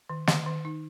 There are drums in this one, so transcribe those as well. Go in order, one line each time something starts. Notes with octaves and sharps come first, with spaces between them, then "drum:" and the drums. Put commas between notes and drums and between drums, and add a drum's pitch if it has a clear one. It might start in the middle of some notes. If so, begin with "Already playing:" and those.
D#3
D#3, drum: snare
D#3
D#4